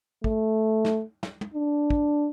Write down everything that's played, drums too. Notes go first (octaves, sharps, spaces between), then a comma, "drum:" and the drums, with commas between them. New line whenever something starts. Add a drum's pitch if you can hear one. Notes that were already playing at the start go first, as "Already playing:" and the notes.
A3, drum: kick
drum: snare
drum: snare
drum: tom
D4
drum: kick